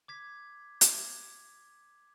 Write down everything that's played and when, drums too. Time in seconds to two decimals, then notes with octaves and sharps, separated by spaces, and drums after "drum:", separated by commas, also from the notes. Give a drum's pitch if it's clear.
0.08 D6 G#6 B6
0.81 drum: hi-hat